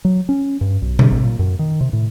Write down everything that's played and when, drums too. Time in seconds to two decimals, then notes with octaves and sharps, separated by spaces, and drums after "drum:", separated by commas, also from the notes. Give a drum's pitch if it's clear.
0.05 F#3
0.29 C#4
0.61 G2
0.82 B1
0.99 D3, drum: tom B2
1.11 A1
1.23 A#2
1.39 F#2
1.59 D#3
1.81 C3
1.93 A2